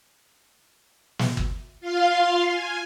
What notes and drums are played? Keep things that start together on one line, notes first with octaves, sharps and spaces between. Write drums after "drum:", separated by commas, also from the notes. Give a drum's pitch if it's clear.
drum: snare
drum: kick
F4 F5 C6
G#5